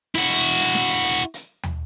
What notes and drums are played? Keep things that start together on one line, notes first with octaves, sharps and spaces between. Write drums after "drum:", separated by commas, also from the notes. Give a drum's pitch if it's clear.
E4 F#4, drum: hi-hat
drum: hi-hat
drum: hi-hat
drum: snare
drum: hi-hat
drum: hi-hat
drum: hi-hat
drum: tom